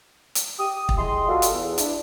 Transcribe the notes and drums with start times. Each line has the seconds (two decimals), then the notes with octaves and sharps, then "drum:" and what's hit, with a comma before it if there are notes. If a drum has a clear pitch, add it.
0.35 drum: hi-hat
0.59 G4 D#6
0.89 drum: kick
0.98 E4 G4 G#4 D#5 C6
1.29 G3 F4 F#4 A4
1.42 drum: hi-hat
1.51 E2
1.78 D4 E4, drum: hi-hat